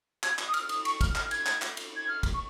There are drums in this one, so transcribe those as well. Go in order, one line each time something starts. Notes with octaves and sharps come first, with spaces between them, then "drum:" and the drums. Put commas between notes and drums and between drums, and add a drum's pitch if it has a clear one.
G#6, drum: clap
drum: clap
D#6
F6, drum: cymbal
D#6, drum: cymbal
C#6, drum: cymbal
F6, drum: kick, cymbal
F6, drum: clap
G#6, drum: cymbal
drum: clap
drum: clap
drum: cymbal
G#6
F6
drum: kick, cymbal
C#6